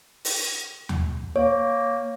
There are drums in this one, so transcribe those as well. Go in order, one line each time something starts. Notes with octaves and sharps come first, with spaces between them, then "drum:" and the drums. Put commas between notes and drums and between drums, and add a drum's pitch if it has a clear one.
drum: open hi-hat
drum: tom
A#3 C#5